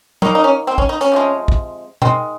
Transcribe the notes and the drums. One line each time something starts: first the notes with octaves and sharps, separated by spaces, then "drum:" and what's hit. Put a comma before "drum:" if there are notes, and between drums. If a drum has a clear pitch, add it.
D#3 A#3 D#4, drum: tom
D#4
C#4
C4
C#4, drum: kick
D#4
C#4, drum: hi-hat
C3 F3 G#3
drum: kick
D#3 G#3 C4, drum: tom